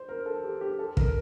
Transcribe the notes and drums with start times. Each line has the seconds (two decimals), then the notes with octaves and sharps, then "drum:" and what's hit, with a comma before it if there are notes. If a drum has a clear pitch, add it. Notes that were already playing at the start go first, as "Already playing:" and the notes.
Already playing: C5
0.09 A#4
0.26 A4
0.44 G4
0.61 G4
0.79 A4
0.97 A#4, drum: kick